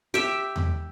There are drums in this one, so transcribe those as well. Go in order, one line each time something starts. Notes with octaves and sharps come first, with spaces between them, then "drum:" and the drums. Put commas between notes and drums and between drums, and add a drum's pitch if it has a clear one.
G4 E5
drum: tom E2